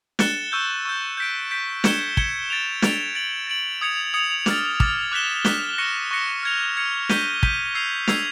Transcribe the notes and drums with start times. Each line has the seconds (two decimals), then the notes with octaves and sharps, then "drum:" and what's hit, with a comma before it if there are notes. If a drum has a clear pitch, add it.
0.19 F#6 A6 C#7 E7 G7, drum: snare
0.52 C#6 E6 G6
0.85 C#6 E6 G6
1.17 G6 B6 D7
1.51 G6 B6 D7
1.84 G#6 C#7 E7 G7, drum: snare
2.17 G#6 C#7 E7 G7, drum: kick
2.50 A6 D7 F7
2.82 A6 D7 F7, drum: snare
3.15 A6 D7 F#7
3.47 A6 D7 F#7
3.81 D#6 G#6 C#7 F7
4.14 D#6 G#6 C#7 F7
4.46 D6 F6 A6, drum: snare
4.80 D6 F6 A6, drum: kick
5.12 D6 F#6 B6 E7 G7
5.45 D6 F#6 B6 E7 G7, drum: snare
5.78 C#6 F#6 A#6 C#7
6.11 C#6 F#6 A#6 C#7
6.43 F6 G#6 C#7 F7
6.76 F6 G#6 C#7 F7
7.09 G6 B6 D#7 G7, drum: snare
7.43 G6 B6 D#7 G7, drum: kick
7.75 E6 G#6 C7 F7
8.08 E6 G#6 C7 F7, drum: snare